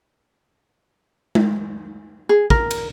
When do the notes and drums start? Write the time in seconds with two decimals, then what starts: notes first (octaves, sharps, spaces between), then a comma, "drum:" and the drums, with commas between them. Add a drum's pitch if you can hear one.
1.35 drum: tom G#3
2.29 G#4
2.50 A#4, drum: kick
2.71 drum: cymbal